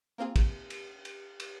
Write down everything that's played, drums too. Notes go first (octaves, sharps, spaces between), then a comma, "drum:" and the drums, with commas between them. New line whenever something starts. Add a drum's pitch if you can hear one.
A#3 C4 F4 G#4
drum: kick, cymbal
drum: cymbal
drum: cymbal
drum: cymbal